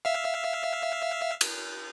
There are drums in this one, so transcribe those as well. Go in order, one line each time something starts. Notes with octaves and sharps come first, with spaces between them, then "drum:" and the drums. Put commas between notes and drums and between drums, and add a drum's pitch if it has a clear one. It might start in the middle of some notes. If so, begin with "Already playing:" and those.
E5 F5
drum: cymbal